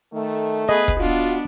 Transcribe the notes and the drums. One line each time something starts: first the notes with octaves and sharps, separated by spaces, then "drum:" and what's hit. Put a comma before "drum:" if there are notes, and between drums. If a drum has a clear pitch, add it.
D#3 A3
B3 G#4 B4 D#5
drum: kick
B3 D4 F4 F#4